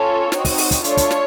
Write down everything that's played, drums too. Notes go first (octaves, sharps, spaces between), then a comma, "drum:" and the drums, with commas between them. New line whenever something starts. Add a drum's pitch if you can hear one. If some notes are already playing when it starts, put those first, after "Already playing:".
Already playing: C#4 F4 A4 C#5
C4 D#4 F#4, drum: snare
drum: kick, open hi-hat
drum: open hi-hat
drum: kick, hi-hat
A3 D4 F4 A4 C#5, drum: hi-hat
drum: kick, hi-hat
drum: snare